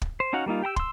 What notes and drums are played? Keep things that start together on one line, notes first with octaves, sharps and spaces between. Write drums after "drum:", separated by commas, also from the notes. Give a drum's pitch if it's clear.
drum: kick
C5
C#4 D#4 F#4 F5 F#5
G3 A#3 D#4 F4
G4 G5 A#5 E6
C6 E6, drum: kick